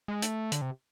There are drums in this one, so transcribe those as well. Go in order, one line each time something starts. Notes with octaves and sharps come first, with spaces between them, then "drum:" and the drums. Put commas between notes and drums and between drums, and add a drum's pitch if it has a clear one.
G#3
A3, drum: hi-hat
D3, drum: hi-hat
C3